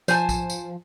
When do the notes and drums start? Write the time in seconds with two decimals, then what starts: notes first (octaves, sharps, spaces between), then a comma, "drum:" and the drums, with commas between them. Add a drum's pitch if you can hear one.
0.08 F3 C5 G#5 A5, drum: tambourine
0.29 drum: kick, tambourine
0.50 drum: tambourine